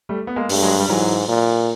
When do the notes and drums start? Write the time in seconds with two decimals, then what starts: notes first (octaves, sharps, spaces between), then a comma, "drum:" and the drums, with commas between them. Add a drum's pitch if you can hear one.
0.09 G3 A3
0.27 B3
0.36 G#3 A#3
0.49 G2 A3, drum: open hi-hat
0.62 F#3 G#3
0.80 G3
0.88 G#2 E3 F#3
1.28 A#2